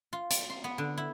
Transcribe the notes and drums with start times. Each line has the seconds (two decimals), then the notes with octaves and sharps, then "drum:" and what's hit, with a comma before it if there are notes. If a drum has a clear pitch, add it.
0.13 F4
0.30 D5, drum: hi-hat
0.50 C6
0.64 B3
0.78 D3
0.97 E4